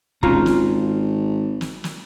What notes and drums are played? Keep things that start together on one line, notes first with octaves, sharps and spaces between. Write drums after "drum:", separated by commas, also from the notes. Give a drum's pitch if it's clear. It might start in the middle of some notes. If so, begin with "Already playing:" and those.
G#1 C#4 F4 A#5, drum: kick
drum: snare
drum: snare
drum: snare